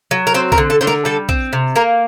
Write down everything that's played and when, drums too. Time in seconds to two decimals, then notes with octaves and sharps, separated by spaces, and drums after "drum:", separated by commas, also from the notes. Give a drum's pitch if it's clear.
0.11 F#3
0.27 A#4
0.34 C4 C5
0.52 A#4, drum: kick
0.58 D3
0.70 A4
0.81 D3 C5
0.87 A#4, drum: snare
1.05 G3 A4
1.29 C4, drum: kick
1.53 C3
1.76 A#3 A#4